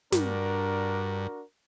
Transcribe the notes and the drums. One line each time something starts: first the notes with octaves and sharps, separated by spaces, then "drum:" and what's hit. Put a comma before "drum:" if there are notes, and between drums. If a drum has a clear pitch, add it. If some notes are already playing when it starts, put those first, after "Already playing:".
G2 D4 F#4 A#4, drum: snare